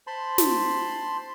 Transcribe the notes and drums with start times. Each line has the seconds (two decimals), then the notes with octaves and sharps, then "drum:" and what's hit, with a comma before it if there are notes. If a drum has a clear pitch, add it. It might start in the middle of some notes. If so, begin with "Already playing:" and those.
0.07 C5 A5 B5 C6
0.38 drum: snare